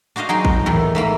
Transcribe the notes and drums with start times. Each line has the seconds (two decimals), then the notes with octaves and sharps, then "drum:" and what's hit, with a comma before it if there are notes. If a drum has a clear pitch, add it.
0.16 D4 F#4 C5 D#5 F5
0.29 F#3 D#4 G#4 G5 C6
0.45 drum: kick A1
0.66 E2 A2 D#3
0.95 G#2 A3 A#3 B5